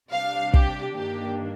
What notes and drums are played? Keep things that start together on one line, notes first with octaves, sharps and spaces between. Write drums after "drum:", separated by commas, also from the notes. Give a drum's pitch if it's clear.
C3 G3 D4 F5
G4, drum: kick
G2 D#3 A#3 D4 G4